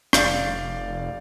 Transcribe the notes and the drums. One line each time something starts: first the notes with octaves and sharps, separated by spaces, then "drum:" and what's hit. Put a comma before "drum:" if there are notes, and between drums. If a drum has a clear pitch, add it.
F1 D5 F5 G6, drum: rim click